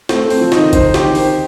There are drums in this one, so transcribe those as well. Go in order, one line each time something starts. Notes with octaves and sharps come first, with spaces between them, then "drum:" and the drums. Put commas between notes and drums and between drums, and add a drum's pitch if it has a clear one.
A3 C4, drum: snare
A3
C4, drum: open hi-hat
F3
D#4, drum: snare
D#3
D3 C5, drum: kick G1, hi-hat
G4, drum: snare
D#3
C5, drum: open hi-hat